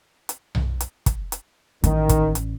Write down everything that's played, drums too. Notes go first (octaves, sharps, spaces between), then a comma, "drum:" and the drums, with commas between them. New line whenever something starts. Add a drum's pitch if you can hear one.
drum: hi-hat
drum: tom B1
drum: hi-hat
drum: kick, hi-hat
drum: hi-hat
A1 D#3, drum: hi-hat
drum: kick, hi-hat
drum: hi-hat